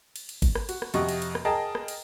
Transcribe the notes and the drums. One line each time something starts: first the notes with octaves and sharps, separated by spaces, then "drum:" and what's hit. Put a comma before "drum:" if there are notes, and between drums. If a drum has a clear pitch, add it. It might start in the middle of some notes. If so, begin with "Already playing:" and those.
drum: cymbal
drum: cymbal
drum: kick G#1, cymbal
drum: rim click
F#4, drum: cymbal
drum: rim click
F2 C3 F#4 D#5 C#6, drum: cymbal
drum: cymbal
drum: cymbal
drum: rim click
G#4 A#4 D#5 G5 A5
drum: rim click
drum: cymbal